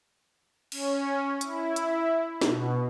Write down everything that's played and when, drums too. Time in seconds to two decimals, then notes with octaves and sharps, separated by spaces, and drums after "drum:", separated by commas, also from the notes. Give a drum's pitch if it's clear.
0.72 C#4, drum: cymbal
1.41 E4, drum: hi-hat
1.76 drum: hi-hat
2.41 B2, drum: snare